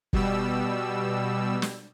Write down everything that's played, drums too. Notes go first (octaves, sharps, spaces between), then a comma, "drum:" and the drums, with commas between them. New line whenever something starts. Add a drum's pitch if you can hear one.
B2 G3 E6, drum: kick
drum: snare